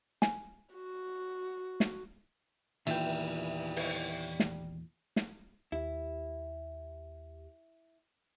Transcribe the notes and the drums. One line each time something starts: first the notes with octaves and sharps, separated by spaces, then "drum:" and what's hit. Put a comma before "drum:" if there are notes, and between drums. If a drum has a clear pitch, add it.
G#5, drum: snare
F#4
drum: snare
E2 A#2 D#3 E3 G3 E5 G5, drum: cymbal
drum: open hi-hat
drum: snare
drum: snare
D#2 E4 G4